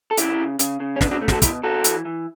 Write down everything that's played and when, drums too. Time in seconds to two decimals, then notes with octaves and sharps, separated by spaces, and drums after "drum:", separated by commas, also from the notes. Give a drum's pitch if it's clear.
0.11 A4
0.17 C#3 E4 G4, drum: hi-hat
0.39 C#3
0.59 C#3, drum: hi-hat
0.80 C#3
0.96 C#4
1.01 B2 B3 D4, drum: snare
1.11 D4 F#4
1.22 A3
1.28 G4, drum: snare
1.32 F#4 A4
1.42 B2 E4 G4, drum: kick, hi-hat
1.63 B2 F#4 A4
1.84 E3, drum: hi-hat
2.05 E3